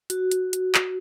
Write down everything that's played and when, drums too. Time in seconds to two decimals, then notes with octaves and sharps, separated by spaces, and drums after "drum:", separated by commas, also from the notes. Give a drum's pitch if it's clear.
0.10 F#4, drum: hi-hat
0.31 drum: hi-hat
0.53 drum: hi-hat
0.75 drum: clap